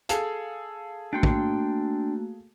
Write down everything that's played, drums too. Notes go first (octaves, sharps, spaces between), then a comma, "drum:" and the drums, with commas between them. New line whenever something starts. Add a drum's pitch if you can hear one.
G#4 A4 F5, drum: hi-hat
A3 A#3 D4 F#4 G5 C6
drum: kick